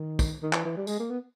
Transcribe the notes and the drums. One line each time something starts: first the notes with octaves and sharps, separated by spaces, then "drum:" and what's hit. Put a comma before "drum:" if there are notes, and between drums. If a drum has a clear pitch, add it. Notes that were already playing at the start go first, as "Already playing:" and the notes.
Already playing: D#3
drum: kick, tambourine
D#3
E3, drum: clap
E3
G3
G#3, drum: tambourine
A#3
B3